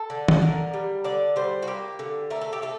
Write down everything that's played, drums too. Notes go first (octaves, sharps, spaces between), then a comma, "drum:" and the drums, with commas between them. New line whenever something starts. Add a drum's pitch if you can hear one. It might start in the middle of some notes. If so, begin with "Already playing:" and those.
Already playing: A4
D3
drum: tom D#3
D3 A#4
G3
D3 D5
G3 C5
F#4
A#3 G4
D3
A3 A#4
A4
G4
A3 A4